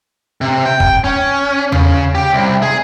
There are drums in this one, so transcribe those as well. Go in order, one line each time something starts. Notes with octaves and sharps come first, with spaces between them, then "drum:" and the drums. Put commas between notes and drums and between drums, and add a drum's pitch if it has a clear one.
C3
G5
drum: kick
C#4
C#3, drum: tom E2
G4
C2
G#4